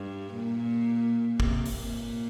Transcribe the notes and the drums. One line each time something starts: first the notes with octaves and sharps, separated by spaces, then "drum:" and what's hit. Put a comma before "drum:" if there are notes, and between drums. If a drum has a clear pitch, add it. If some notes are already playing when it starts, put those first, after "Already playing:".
Already playing: G2
A#2
C3, drum: kick
drum: open hi-hat
A#2